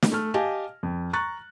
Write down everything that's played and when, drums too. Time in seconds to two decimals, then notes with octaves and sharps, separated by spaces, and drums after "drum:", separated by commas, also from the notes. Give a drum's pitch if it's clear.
0.03 drum: snare
0.12 A3 F6
0.34 G4 D#5 F5 G#5 A5
0.83 F2
1.13 A#5 C#6 F#6 A6